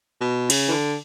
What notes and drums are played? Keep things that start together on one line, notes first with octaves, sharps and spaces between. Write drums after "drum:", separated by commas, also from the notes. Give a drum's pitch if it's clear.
B2
C#3, drum: cymbal
E3
D3